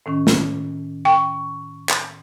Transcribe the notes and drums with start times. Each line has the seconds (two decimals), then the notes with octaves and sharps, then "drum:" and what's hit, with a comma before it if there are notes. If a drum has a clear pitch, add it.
0.06 A2 D#3 C#4
0.27 drum: snare
1.05 G5 C#6
1.89 drum: clap